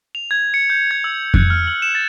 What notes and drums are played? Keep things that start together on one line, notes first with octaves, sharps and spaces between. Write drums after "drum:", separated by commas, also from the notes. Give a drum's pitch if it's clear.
F7
G#6
C#7
G6
G#6
E6
F#6, drum: kick F2
F6
F#7
E7
A6